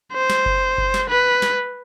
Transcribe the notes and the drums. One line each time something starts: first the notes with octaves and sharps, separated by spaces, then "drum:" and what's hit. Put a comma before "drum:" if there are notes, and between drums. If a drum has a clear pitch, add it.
C5
drum: snare
drum: kick F#1
drum: kick F#1
drum: snare
B4
drum: snare